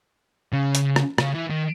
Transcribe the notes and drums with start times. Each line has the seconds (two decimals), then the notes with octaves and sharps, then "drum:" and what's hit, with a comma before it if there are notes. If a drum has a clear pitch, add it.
0.53 C#3
0.75 drum: hi-hat
0.96 drum: rim click
1.18 C#3, drum: rim click
1.34 E3
1.50 D#3